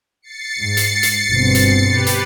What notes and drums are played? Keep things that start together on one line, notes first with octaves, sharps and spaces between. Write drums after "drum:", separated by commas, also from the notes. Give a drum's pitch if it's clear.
A6 C7 C#7
G#2
drum: hi-hat
drum: hi-hat
G1 B2 C4
drum: hi-hat
G4 B4
drum: hi-hat